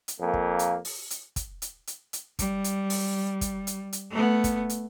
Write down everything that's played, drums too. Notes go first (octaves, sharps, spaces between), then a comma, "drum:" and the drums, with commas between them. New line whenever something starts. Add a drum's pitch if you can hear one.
drum: hi-hat
F2 A#3
drum: kick
drum: hi-hat
drum: open hi-hat
drum: hi-hat
drum: kick, hi-hat
drum: hi-hat
drum: hi-hat
drum: hi-hat
G3, drum: kick, hi-hat
drum: hi-hat
drum: open hi-hat
drum: kick, hi-hat
drum: hi-hat
drum: hi-hat
A3 B3
drum: kick, hi-hat
drum: hi-hat